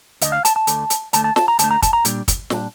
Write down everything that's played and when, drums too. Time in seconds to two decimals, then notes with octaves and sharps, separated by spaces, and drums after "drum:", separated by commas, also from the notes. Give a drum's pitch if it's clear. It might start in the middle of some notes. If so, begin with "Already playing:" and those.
0.21 D2 D3 A3 D#5, drum: hi-hat
0.32 F5
0.45 A5, drum: hi-hat
0.56 A5
0.67 D2 D3 A3, drum: hi-hat
0.90 drum: hi-hat
1.13 D2 D3 A3 A5, drum: hi-hat
1.24 A5
1.36 A5, drum: snare
1.48 A#5
1.59 D2 D3 A3 A5, drum: hi-hat
1.71 A#5
1.82 A5, drum: kick, hi-hat
1.93 A#5
2.05 A#2 G3 D4, drum: hi-hat
2.28 drum: kick, hi-hat
2.50 A#2 G3 D4, drum: snare